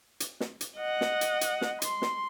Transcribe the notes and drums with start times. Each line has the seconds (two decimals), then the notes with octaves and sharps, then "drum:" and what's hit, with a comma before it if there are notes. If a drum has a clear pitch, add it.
0.20 drum: hi-hat
0.40 drum: snare
0.61 drum: hi-hat
0.77 D#5 F#5
1.01 drum: snare
1.21 drum: hi-hat
1.41 drum: hi-hat
1.61 drum: snare
1.82 C6, drum: hi-hat
2.02 drum: snare